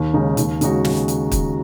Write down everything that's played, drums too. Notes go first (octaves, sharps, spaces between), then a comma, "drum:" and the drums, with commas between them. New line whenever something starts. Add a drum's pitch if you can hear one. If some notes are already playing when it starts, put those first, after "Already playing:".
Already playing: D#2
C#3 G#3 D#4
D#2, drum: hi-hat
C#3 G#3 D#4 F#4, drum: hi-hat
drum: snare
drum: hi-hat
drum: kick, hi-hat